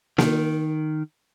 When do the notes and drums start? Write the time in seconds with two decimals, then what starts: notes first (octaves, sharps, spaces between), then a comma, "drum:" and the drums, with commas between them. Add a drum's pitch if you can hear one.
0.18 D#3, drum: snare A#3